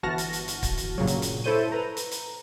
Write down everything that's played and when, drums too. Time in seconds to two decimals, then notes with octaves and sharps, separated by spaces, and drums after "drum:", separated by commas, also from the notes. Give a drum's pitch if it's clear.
0.03 G1 E3 F#4 A5 F6 A#6
0.18 drum: hi-hat
0.33 drum: hi-hat
0.48 drum: hi-hat
0.63 drum: kick, hi-hat
0.78 drum: hi-hat
0.98 G2 A#2 C#3 F#3
1.07 drum: hi-hat
1.22 drum: hi-hat
1.44 E4 A4 C5 C#5 G6 D#7
1.72 B4 A#5
1.97 drum: hi-hat
2.11 drum: hi-hat